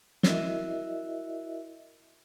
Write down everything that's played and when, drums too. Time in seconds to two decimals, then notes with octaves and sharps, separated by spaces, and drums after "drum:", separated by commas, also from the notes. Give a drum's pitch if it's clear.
0.23 E4 F#4 A#4 D#5 E5, drum: snare